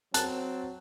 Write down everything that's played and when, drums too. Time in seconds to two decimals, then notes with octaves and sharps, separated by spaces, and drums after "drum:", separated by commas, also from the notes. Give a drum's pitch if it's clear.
0.14 F#3 C4 A5 F#6, drum: hi-hat